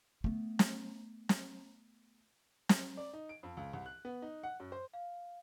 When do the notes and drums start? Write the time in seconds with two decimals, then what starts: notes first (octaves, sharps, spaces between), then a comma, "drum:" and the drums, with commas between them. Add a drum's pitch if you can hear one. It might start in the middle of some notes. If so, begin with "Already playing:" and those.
0.24 A3 B3
0.59 drum: snare
1.29 drum: snare
2.69 drum: snare
2.97 D5
3.13 D#4
3.29 D7
3.43 F2
3.57 C#2
3.73 C2
3.86 F#6
4.05 B3
4.22 D#4
4.43 F#5
4.60 F#2
4.72 C5
4.93 F5